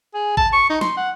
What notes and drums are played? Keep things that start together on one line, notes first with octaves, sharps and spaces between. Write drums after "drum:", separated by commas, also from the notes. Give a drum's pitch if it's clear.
G#4
A5, drum: kick
C#6
D#4
C6, drum: snare
F#5